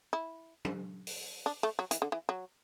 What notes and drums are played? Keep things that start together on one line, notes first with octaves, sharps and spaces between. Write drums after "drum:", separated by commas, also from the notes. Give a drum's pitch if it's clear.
E4
drum: tom
drum: open hi-hat
D4
A3
F#3
E3, drum: hi-hat
D3
E3
F#3